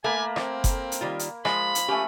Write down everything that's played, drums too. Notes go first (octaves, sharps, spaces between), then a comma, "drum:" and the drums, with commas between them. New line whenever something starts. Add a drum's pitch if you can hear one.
A3 A#3 G#5 B5
C4, drum: rim click
drum: kick F#1, hi-hat
drum: hi-hat
D#3 G3 F4
drum: hi-hat
F3 G#3 B5, drum: rim click
drum: hi-hat
A3 C#4 G4 G#5